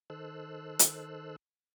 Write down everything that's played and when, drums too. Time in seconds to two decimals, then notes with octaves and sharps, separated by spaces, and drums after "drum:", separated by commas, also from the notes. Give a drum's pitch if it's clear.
0.10 D#3 A4 C5 E6 F#6
0.79 drum: hi-hat